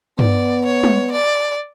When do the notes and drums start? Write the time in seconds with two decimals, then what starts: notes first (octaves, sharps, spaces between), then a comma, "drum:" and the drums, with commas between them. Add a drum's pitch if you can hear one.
0.19 B3 D5, drum: tom G2
0.66 C#5
0.83 drum: tom
1.12 D5